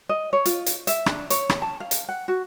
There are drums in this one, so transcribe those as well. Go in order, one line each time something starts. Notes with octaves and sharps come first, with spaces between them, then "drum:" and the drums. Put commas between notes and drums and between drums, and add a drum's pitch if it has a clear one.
D#5
C#5
F4, drum: hi-hat
drum: hi-hat
E5, drum: hi-hat
D4, drum: rim click
C#5, drum: hi-hat
drum: rim click
A5
F5
drum: hi-hat
F#5
F#4